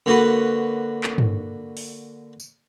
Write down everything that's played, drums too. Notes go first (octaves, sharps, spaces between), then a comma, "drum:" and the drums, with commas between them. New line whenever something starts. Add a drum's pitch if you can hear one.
D3 A#3 F#4 B4
drum: clap
drum: tom
drum: open hi-hat
drum: tambourine